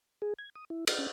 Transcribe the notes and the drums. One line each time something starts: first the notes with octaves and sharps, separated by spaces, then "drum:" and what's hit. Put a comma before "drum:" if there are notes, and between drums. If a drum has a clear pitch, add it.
G#4
G#6
D#6
E4
F6, drum: cymbal
C#4